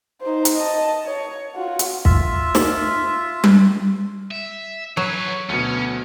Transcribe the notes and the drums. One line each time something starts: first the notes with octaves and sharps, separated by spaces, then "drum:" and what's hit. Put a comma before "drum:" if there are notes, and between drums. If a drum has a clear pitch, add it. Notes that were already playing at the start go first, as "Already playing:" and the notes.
D#4 C5
drum: hi-hat
D#5 A5
C#5
F4 F#4
drum: hi-hat
F4 E5, drum: kick
drum: snare
drum: tom G3
E5
F#3 G#4 B4 C#6
D2 B2 C#4